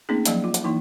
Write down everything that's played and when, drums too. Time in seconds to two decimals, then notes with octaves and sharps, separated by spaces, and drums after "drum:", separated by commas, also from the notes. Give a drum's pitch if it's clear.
0.09 A3 A#3 C4 C#4 D#4 G#4
0.25 F3 F#3 A#3 D5 D#5 F5, drum: hi-hat
0.44 F4
0.54 drum: hi-hat
0.64 E3 A#3 D#4 E4